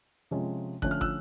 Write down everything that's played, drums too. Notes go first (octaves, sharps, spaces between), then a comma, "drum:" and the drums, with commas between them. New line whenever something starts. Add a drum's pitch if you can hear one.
C3 F3 G#3 C#4
D3 F3 A3 C#4 F#6, drum: kick
F6
E6 F#6, drum: kick